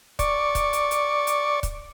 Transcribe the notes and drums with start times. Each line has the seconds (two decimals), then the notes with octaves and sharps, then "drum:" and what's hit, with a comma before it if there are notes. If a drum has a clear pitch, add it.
0.19 D5 C#6, drum: kick C#1, hi-hat
0.55 drum: kick C#1, hi-hat
0.73 drum: hi-hat
0.91 drum: hi-hat
1.27 drum: hi-hat
1.63 drum: kick C#1, hi-hat